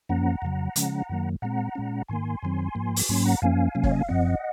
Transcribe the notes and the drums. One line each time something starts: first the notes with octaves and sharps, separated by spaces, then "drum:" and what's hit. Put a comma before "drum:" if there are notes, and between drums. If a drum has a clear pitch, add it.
F#2 F3 A#3 C#4 F#5 A#5
F2 C#3 F#3
C#3 F3 G#3 C#4, drum: hi-hat
F#2 D#3 F#3 A#3
A#2 G#3 C4 F#5 A#5
A#2 G#3 C#4
G#2 D#3 A#3 G#5 C6
F#2 D#3 F#3 C4
G#2 F3 A#3
drum: open hi-hat
G#2 F#3 A#3 C#4 G#5 C6
F#5 A#5
F#2 F3 A#3 C#4 F5 G#5
C3 F#3 A#3 C#4
C#5, drum: kick
D#5
F5
F#2 F3 C4 D#5 F#5